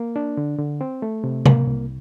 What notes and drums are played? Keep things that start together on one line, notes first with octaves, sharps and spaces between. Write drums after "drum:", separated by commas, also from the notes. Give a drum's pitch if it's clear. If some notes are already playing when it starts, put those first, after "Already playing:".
Already playing: A#3
D4
D3
D3
C4
A3
C3
A#3, drum: tom C3
C2